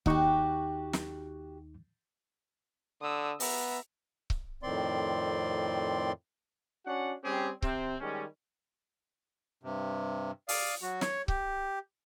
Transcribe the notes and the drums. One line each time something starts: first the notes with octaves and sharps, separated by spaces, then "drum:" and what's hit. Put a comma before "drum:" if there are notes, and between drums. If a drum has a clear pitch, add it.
D#2 D#4 F#4 G4 C#6, drum: kick C#1
drum: snare
D3 D#6 E6
B3 E5 A#5, drum: open hi-hat
drum: kick C#1
F2 A2 D#3 C4 D5 C6
C#4 D4 F#4 F#5
G3 C4 C#4 G4 G#4
C3 C4, drum: kick C#1
D#3 G3 G#3 C#4
G2 C3
D5 F5 D#6, drum: open hi-hat
F#3 F#4
C#5, drum: snare
G4, drum: kick C#1